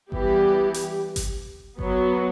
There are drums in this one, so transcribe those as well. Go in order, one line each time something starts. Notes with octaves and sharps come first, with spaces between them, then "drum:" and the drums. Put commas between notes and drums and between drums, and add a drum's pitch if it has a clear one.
E3 G3 B3 G4, drum: kick G1
drum: hi-hat
drum: kick G1, hi-hat
F#3 B3, drum: kick G1